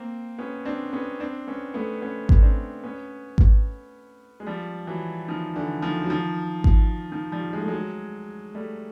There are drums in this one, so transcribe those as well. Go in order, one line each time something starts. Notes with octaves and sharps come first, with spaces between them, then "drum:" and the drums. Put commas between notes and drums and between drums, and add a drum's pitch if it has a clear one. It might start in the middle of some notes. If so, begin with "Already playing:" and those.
Already playing: A#3 C4
B3 C#4
C4 D4
B3 C#4
C4 D4
B3 C#4
A3 B3
B3 C#4
drum: kick G#1
C4 D4
B3 C#4
drum: kick G#1
G#3
F3 G3
E3 F#3
D#3 F3
D3 E3
D#3 F3
F#3
D#3 F3
drum: kick G#1
D#3 F3
F3 G3
G#3
A3
F#3 G#3
G3 A3